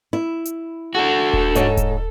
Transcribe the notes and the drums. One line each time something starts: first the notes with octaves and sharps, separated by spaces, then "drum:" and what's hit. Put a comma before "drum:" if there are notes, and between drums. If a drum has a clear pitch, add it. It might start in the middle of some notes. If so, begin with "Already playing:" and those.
E4
drum: hi-hat
D4 F#4 A4
drum: kick D#1
G#2 C#5 D#5, drum: hi-hat
drum: kick D#1, hi-hat